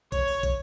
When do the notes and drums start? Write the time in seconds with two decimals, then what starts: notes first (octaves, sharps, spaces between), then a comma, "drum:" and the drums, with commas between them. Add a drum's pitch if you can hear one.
0.12 C#5, drum: kick, hi-hat
0.28 drum: open hi-hat
0.43 drum: kick, hi-hat